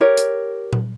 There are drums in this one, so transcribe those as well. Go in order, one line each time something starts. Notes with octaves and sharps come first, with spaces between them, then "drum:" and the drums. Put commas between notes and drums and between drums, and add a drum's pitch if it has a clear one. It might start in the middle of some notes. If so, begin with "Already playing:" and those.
G4 A#4 C#5
drum: hi-hat
drum: tom A#2